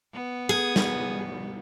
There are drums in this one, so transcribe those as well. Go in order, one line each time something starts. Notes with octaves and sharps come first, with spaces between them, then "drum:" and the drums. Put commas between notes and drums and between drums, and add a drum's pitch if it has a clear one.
B3
G#4
drum: snare